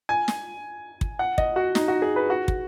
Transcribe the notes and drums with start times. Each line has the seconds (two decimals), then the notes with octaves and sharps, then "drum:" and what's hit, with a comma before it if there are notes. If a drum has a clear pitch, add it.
0.09 G#5
0.28 drum: snare
1.01 drum: kick
1.19 F#5
1.38 D#5, drum: kick
1.56 F#4
1.75 D#4, drum: snare
1.88 F#4
2.02 G#4
2.16 B4
2.30 F#4
2.48 drum: kick